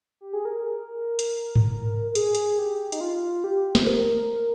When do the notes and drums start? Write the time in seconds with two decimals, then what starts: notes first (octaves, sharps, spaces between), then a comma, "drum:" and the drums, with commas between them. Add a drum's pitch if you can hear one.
0.21 G4
0.33 G#4
0.45 A#4
1.19 drum: hi-hat
1.55 drum: tom G#2
2.11 A#4
2.15 G#4, drum: hi-hat
2.35 drum: hi-hat
2.58 G4
2.92 D#4, drum: hi-hat
3.01 F4
3.44 G4
3.75 C5, drum: snare
3.87 A#4